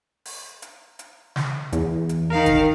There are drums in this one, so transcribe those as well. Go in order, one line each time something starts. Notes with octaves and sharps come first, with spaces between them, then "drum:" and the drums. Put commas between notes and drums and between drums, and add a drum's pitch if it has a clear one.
drum: open hi-hat
drum: hi-hat
drum: hi-hat
drum: snare
E2, drum: hi-hat
drum: hi-hat
D#3 A#4 F5
drum: kick, hi-hat